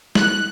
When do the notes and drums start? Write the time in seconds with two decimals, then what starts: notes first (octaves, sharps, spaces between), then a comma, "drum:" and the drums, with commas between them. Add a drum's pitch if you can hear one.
0.15 F#6, drum: snare